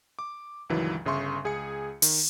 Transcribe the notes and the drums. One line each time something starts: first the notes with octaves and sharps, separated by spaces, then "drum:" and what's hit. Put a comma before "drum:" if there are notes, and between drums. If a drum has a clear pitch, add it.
D6
C#2 G2 D#3 E3 F#3
G1 C#3 E5 C6 C#6
C#2 G#4 G#5 C#7
D#3, drum: open hi-hat